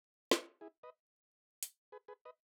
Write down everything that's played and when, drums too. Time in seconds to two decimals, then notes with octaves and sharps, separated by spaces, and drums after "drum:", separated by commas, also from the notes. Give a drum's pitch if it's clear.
0.31 drum: snare
0.61 E4 G#4
0.83 B4 D#5
1.63 drum: hi-hat
1.92 G#4 B4
2.08 G#4 B4
2.25 B4 D#5